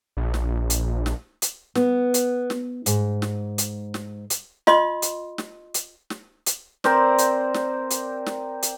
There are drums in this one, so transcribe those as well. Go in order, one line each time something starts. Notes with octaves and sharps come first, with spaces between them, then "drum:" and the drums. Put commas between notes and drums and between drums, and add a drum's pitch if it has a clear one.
A#1
drum: snare
drum: hi-hat
drum: snare
drum: hi-hat
B3, drum: snare
drum: hi-hat
drum: snare
G#2, drum: hi-hat
drum: snare
drum: hi-hat
drum: snare
drum: hi-hat
F4 D#5 C6, drum: snare
drum: hi-hat
drum: snare
drum: hi-hat
drum: snare
drum: hi-hat
C4 A#4 C5 D5, drum: snare
drum: hi-hat
drum: snare
drum: hi-hat
drum: snare
drum: hi-hat